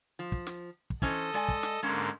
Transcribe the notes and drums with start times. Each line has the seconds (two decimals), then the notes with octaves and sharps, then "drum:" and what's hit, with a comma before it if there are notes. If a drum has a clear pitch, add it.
0.19 F3
0.32 drum: kick
0.47 drum: snare
0.90 drum: kick
1.02 E3 C#4 A4 C5 D#5, drum: kick
1.34 G#3 D5 G#5
1.48 drum: kick
1.63 drum: snare
1.83 G#2 D3 G#3 A#3 C#4